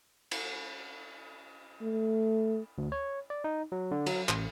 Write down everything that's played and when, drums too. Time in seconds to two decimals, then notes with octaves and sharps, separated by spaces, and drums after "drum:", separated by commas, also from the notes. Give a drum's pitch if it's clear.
0.31 drum: cymbal
1.82 A3
2.78 D2
2.92 C#5
3.30 D5
3.44 D#4
3.72 F#3
3.91 D3
4.06 F#3, drum: cymbal
4.29 A1, drum: clap